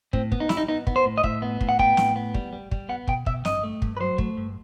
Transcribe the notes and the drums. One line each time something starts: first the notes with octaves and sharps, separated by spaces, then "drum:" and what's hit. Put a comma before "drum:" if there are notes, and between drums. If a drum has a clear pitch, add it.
A2 C4, drum: kick
B3, drum: kick
D#4
G3 E4, drum: snare
D#4
B3 D#4
B3, drum: kick
C5
A2
D#5
A2 E5, drum: kick
B3
A2, drum: kick
F#5
B3 G5, drum: kick
A2, drum: snare
B3
G3, drum: kick
G3
G3, drum: kick
B3 F#5
B2 G5, drum: kick
B2 E5, drum: kick
G2 D#5, drum: snare
A3
G2, drum: kick
B4
F#3 C5
A3, drum: kick
G2